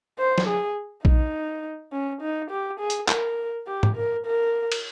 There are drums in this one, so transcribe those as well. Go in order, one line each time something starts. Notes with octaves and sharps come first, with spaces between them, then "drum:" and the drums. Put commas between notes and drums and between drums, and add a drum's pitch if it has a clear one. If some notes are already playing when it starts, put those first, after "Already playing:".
C5
drum: snare F#3
G#4
D#4, drum: kick A#1
C#4
D#4
G4
G#4
drum: hi-hat
A#4, drum: clap
G4
drum: tom
A#4
A#4
drum: cymbal